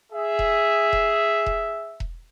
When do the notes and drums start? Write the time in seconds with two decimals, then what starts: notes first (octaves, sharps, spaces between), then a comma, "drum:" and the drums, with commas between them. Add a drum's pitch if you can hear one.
0.12 G#4 E5
0.39 drum: kick E1
0.93 drum: kick E1
1.46 drum: kick E1
2.00 drum: kick E1